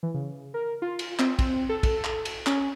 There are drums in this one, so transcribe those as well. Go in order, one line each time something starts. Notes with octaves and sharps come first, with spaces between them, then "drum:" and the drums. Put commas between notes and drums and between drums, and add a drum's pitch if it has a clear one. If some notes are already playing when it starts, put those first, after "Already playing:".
E3
C#3
A#4
F4
drum: cymbal
C4, drum: clap
C4, drum: kick, cymbal
A4
drum: kick, cymbal
drum: clap
drum: cymbal
C#4, drum: clap